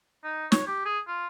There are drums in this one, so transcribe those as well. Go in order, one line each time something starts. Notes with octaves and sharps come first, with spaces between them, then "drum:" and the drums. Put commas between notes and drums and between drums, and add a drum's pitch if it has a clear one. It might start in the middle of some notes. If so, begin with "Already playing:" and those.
D#4
C#5, drum: snare
G4
G#4
F4